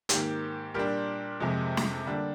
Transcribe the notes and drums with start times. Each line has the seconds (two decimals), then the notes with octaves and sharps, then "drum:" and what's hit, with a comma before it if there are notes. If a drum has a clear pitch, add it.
0.09 G#2 D#3 A#3 G4, drum: hi-hat
0.74 A#2 G3 D4 G4 A#4
1.40 F2 C3 F3 G#3
1.77 drum: snare
2.06 D3 G3 A#3 D4